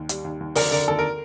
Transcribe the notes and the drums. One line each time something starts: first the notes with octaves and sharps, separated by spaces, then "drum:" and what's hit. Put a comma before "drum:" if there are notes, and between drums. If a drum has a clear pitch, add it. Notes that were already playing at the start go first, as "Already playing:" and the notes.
Already playing: D#2
G3, drum: hi-hat
D#2
D#2
D3 A#4 D5, drum: open hi-hat
D3 A#4 D5
D#2 A4
A#4